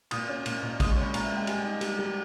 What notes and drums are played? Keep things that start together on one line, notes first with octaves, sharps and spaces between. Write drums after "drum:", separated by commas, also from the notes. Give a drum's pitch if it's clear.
A#2 D#6, drum: cymbal
C#4
A#2, drum: cymbal
A#2
G#3 D#6, drum: kick A1, cymbal
C#6
C#4 B5
A#2 A#5, drum: cymbal
E5
G#3
G5
G3 G#5, drum: cymbal
D#4
G3, drum: cymbal
G3